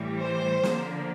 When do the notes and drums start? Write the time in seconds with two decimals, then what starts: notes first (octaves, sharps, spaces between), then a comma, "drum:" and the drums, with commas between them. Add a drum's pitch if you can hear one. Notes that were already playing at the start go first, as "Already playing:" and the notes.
Already playing: A2 E3 G3
0.19 C5
0.63 D3 F3 A#3, drum: snare